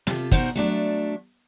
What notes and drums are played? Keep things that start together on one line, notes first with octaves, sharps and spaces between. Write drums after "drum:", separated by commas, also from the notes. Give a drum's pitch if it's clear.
C3 F4 A4, drum: snare
B2 D#4 A#4 C5 F#5, drum: kick
F#3 A3 D4